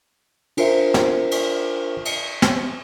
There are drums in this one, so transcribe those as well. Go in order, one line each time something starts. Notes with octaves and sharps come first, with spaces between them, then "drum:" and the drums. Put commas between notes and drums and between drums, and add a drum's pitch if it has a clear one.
D4 F4 A#4 C5 E5, drum: cymbal
drum: snare
drum: cymbal
drum: cymbal
drum: snare